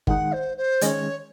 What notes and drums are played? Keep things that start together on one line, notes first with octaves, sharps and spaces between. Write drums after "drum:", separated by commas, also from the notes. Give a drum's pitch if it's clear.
D#3 G#3 D#4 F#5, drum: kick G1
C5
C5
D#3 G#3 C#4 C#5 D#5, drum: hi-hat